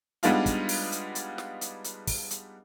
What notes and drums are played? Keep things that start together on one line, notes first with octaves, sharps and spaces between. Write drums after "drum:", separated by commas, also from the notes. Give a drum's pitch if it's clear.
G3 G#3 B3 D4 D#4 F4, drum: hi-hat
drum: kick, hi-hat
drum: open hi-hat
drum: hi-hat
drum: hi-hat
drum: snare
drum: hi-hat
drum: hi-hat
drum: kick, open hi-hat
drum: hi-hat